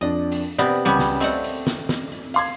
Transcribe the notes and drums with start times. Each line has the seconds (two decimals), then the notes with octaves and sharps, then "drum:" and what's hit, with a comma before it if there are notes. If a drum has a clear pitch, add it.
0.01 F2 D4 D#5
0.32 drum: hi-hat
0.58 C3 B3 G4 A#4 D5
0.85 C#2 G3 B3 C#4
0.99 drum: snare
1.20 A3 C4 D5 D#5 F#5, drum: hi-hat
1.44 drum: hi-hat
1.67 drum: snare
1.89 drum: snare
2.12 drum: hi-hat
2.34 F5 C6 G#6, drum: hi-hat